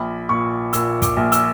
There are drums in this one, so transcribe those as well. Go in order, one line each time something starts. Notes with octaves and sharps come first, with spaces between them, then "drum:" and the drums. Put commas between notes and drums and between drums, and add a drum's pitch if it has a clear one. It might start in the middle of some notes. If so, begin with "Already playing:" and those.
Already playing: A#1 B5
A#2 C#6
A#2 E6, drum: hi-hat
D6, drum: kick, hi-hat
A#1
E6, drum: hi-hat